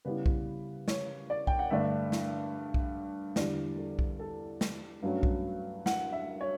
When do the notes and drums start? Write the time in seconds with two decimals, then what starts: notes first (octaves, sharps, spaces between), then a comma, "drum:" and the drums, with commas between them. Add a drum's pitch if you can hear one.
0.05 C#3 G3 B3 E4 B4
0.26 drum: kick B1
0.88 C#5, drum: snare
1.30 D5
1.47 G5, drum: kick B1
1.59 F#5
1.70 G2 D3 A3 D4 E5
2.12 drum: snare
2.74 drum: kick B1
3.36 E2 D3 G3 D5, drum: snare
3.78 A4
3.99 drum: kick B1
4.19 A4
4.61 drum: snare
5.02 G2 F#3 A3 C#4
5.23 drum: kick B1
5.86 F#5, drum: snare
6.12 E5
6.41 C#5